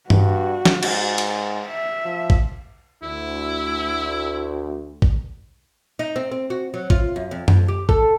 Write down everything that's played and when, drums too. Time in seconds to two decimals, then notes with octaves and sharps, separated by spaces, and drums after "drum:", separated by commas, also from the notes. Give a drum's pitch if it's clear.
0.10 G2 F#4, drum: tom G2
0.65 drum: snare
0.83 G#2, drum: cymbal
1.18 drum: cymbal
1.67 E5
2.05 F3
2.30 drum: kick
3.03 D2 E4
5.02 drum: kick
5.99 D#4
6.16 C4
6.31 C4
6.50 F#4
6.74 F#3
6.90 F4, drum: kick
7.16 F#2
7.31 F2
7.48 F2, drum: tom F#2
7.68 G4
7.89 A4, drum: kick